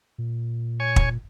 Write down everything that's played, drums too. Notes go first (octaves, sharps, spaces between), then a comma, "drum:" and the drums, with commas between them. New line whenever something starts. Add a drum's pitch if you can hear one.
A#2
C#5 G#5 C#6
drum: kick